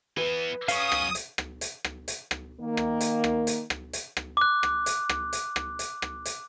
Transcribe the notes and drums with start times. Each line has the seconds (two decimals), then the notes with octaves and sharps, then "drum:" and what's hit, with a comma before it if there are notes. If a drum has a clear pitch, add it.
0.17 E3 B3 B4
0.68 F#3 C#4 F5 C#6 D#6, drum: hi-hat
0.92 drum: rim click
1.15 drum: hi-hat
1.38 drum: rim click
1.61 drum: hi-hat
1.84 drum: rim click
2.08 drum: hi-hat
2.31 drum: rim click
2.60 D#3 A#3
2.77 drum: rim click
3.01 drum: hi-hat
3.24 drum: rim click
3.47 drum: hi-hat
3.70 drum: rim click
3.93 drum: hi-hat
4.17 drum: rim click
4.37 D6 F#6
4.63 drum: rim click
4.86 drum: hi-hat
5.09 drum: rim click
5.33 drum: hi-hat
5.56 drum: rim click
5.79 drum: hi-hat
6.02 drum: rim click
6.25 drum: hi-hat